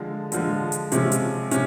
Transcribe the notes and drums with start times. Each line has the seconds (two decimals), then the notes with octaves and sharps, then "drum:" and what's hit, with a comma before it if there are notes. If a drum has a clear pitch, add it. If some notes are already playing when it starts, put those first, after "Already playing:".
Already playing: D3 F3 G#3
0.32 D3 F3 G#3, drum: hi-hat
0.72 drum: hi-hat
0.92 C3 F3 G#3 C#4, drum: hi-hat
1.12 drum: hi-hat
1.51 C3 C#4, drum: hi-hat